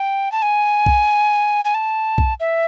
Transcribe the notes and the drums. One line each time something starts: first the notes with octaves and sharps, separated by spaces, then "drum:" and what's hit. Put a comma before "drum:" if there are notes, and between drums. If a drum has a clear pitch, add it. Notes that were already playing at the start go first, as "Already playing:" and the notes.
Already playing: G5
A5
G#5
drum: kick B1
G#5
A5
drum: kick B1
E5